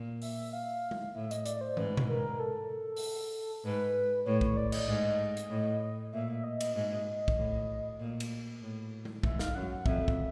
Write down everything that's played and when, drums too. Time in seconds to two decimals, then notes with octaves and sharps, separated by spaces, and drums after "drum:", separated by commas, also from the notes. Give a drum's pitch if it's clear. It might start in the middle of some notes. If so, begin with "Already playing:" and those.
Already playing: A#2
0.22 E5, drum: open hi-hat
0.53 F5
0.91 drum: tom G#3
1.14 A2 E5
1.31 D#5, drum: hi-hat
1.46 D5, drum: hi-hat
1.61 C5
1.77 G#2 B4, drum: tom
1.97 drum: tom B2
2.09 A#4
2.39 A4
2.97 drum: open hi-hat
3.64 G#2 B4
4.26 A2 C#5
4.41 C#5, drum: kick
4.57 D5
4.72 D#5, drum: cymbal
4.88 G#2
5.37 drum: hi-hat
5.50 A2
6.13 A#2 E5
6.32 E5
6.44 D#5
6.61 drum: cymbal
6.75 G#2 D#5
7.28 drum: kick
7.37 A2
8.00 A#2
8.20 drum: cymbal
8.62 A2
9.05 drum: tom G#3
9.23 G#2 E5, drum: kick
9.39 F5, drum: snare
9.55 F#2 F#5
9.71 F#5
9.86 F2 E5, drum: kick
10.08 drum: kick